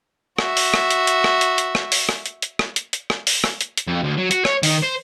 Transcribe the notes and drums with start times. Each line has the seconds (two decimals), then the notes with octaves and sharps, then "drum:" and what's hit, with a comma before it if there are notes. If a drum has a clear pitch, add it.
0.38 F#4 E5, drum: rim click
0.57 drum: open hi-hat
0.74 drum: rim click
0.91 drum: hi-hat
1.07 drum: hi-hat
1.24 drum: rim click
1.41 drum: hi-hat
1.58 drum: hi-hat
1.75 drum: rim click
1.92 drum: open hi-hat
2.09 drum: rim click
2.26 drum: hi-hat
2.42 drum: hi-hat
2.59 drum: rim click
2.76 drum: hi-hat
2.93 drum: hi-hat
3.10 drum: rim click
3.27 drum: open hi-hat
3.44 drum: rim click
3.61 drum: hi-hat
3.77 drum: hi-hat
3.87 F2
4.03 D2
4.17 F#3
4.31 F#4, drum: hi-hat
4.45 C#5, drum: rim click
4.63 D#3, drum: open hi-hat
4.83 C5